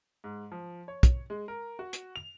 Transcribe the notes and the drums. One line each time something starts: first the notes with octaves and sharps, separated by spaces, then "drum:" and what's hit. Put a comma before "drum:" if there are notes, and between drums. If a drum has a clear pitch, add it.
G#2
F3
C#5
drum: kick, hi-hat
G#3
A#4
F#4
drum: hi-hat
F7